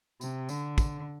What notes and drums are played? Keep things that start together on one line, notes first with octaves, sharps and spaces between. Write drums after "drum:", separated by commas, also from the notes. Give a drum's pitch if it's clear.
C3, drum: tambourine
D3, drum: tambourine
drum: kick, tambourine